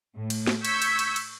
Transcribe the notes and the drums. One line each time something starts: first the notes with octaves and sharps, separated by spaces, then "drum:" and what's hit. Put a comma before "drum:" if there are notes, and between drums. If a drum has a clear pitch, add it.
A2
drum: cymbal
drum: snare
C#6 E6 G6 G#6 B6, drum: cymbal
drum: cymbal
drum: cymbal
drum: cymbal